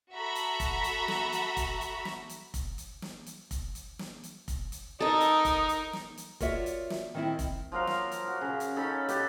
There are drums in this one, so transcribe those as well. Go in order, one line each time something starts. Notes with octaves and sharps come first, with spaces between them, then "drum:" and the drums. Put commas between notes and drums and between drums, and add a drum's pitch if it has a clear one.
F#4 A4 E5 A#5 B5
drum: hi-hat
drum: kick F1, hi-hat
drum: hi-hat
drum: snare
drum: hi-hat
drum: kick F1, hi-hat
drum: hi-hat
drum: snare
drum: hi-hat
drum: kick F1, hi-hat
drum: hi-hat
drum: snare
drum: hi-hat
drum: kick F1, hi-hat
drum: hi-hat
drum: snare
drum: hi-hat
drum: kick F1, hi-hat
drum: hi-hat
D#4 A4 A#4 D#5 D#6
drum: hi-hat
drum: kick F1, hi-hat
drum: hi-hat
drum: snare
drum: hi-hat
F4 F#4 A#4 C#5 D5 E5, drum: kick F1, hi-hat
drum: hi-hat
drum: snare
D#3 C4 E4
drum: kick F1, hi-hat
F3 F#3 A#4 F5
drum: snare
drum: hi-hat
F#4
C#3
drum: hi-hat
C#4 D#4 A4 B5
G4 A4 B4, drum: hi-hat